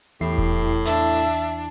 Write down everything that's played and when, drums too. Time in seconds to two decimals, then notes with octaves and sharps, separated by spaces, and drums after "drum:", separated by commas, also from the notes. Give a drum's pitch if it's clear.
0.21 E2 A2 E4 G4 C7
0.38 drum: kick D#1
0.85 D4 E5